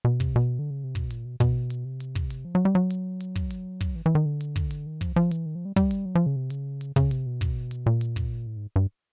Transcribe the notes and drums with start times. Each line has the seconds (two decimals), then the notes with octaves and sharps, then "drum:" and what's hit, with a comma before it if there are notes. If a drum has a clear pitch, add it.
0.05 B2
0.20 C3, drum: kick, hi-hat
0.36 B2
0.59 D3
0.71 C#3
0.84 C3
0.95 B2, drum: kick
1.11 A#2, drum: hi-hat
1.25 B2
1.40 B2, drum: kick, hi-hat
1.70 drum: hi-hat
1.85 C3
2.00 drum: hi-hat
2.15 drum: kick
2.30 drum: hi-hat
2.45 F3
2.55 F#3
2.65 G3
2.75 F#3
2.90 drum: hi-hat
3.20 drum: hi-hat
3.36 drum: kick
3.51 drum: hi-hat
3.81 drum: kick, hi-hat
3.95 E3
4.06 E3
4.15 D#3
4.26 D3
4.41 drum: hi-hat
4.56 drum: kick
4.71 drum: hi-hat
4.86 D#3
5.01 F3, drum: kick, hi-hat
5.16 F3
5.31 E3, drum: hi-hat
5.46 D#3
5.55 F3
5.65 G3
5.76 G3, drum: kick
5.91 drum: hi-hat
6.05 F#3
6.15 F3
6.26 C#3
6.36 C3
6.50 C#3, drum: hi-hat
6.81 drum: hi-hat
6.96 C#3, drum: kick
7.11 C3, drum: hi-hat
7.26 B2
7.41 drum: kick, hi-hat
7.71 drum: hi-hat
7.86 A#2
8.01 drum: hi-hat
8.16 drum: kick
8.47 A2
8.56 G#2
8.76 G2